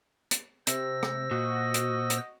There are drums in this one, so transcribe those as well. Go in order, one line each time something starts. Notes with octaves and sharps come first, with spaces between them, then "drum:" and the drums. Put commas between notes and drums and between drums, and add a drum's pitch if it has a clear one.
drum: hi-hat
C3 C5 E6 A#6, drum: hi-hat
drum: rim click
A#2 F#4 D#5
drum: hi-hat
drum: hi-hat